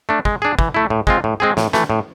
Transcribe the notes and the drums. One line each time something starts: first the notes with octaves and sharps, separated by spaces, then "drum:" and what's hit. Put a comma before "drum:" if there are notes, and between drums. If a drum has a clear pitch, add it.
A3 D4
G#3, drum: kick
D4 G#4
E3, drum: kick
A3 E4
A2
G#3 C4 F4, drum: kick
A2
G#3 C4 G#4
A2, drum: snare
E3 A3, drum: snare
A2